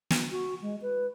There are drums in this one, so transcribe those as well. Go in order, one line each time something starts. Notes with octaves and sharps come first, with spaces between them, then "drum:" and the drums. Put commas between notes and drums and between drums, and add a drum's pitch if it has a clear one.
drum: snare
F#4
G#3
B4